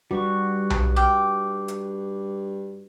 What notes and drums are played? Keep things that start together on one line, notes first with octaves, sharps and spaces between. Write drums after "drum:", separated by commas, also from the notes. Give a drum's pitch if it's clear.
G2 G3 F#4 C#6
drum: tom B1
G5 D6 F6
drum: hi-hat